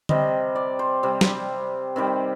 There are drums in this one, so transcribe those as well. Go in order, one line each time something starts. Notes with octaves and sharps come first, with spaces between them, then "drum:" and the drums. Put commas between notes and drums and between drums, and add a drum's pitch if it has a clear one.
C3 G3 D#5, drum: tom D3
D5
C5
C3 G3
drum: snare
C3 D#3 G3